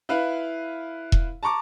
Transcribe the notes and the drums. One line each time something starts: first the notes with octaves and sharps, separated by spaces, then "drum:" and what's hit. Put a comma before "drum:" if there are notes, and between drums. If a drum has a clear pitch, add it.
E4 B4 F5
drum: kick E1
A5 A#5 C#6 D6